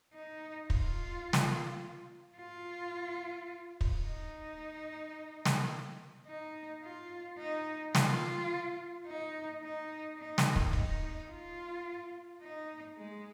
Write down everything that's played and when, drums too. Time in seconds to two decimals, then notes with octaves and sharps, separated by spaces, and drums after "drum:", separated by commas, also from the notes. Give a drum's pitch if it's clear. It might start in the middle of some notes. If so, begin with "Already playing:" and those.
0.14 D#4
0.70 F4, drum: kick
1.33 drum: snare
2.37 F4
3.81 drum: kick
4.05 D#4
5.45 drum: snare
6.27 D#4
6.83 F4
7.38 D#4
7.95 F4, drum: snare
9.07 D#4
9.63 D#4
10.18 D#4
10.38 drum: snare
10.56 drum: kick
10.73 D#4, drum: kick
11.29 F4
12.42 D#4
12.97 G#3